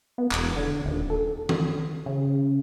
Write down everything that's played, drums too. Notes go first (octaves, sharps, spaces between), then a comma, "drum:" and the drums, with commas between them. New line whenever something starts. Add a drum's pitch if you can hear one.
B3
E1, drum: clap
D3
D#1
A4
drum: tom D#3
C#3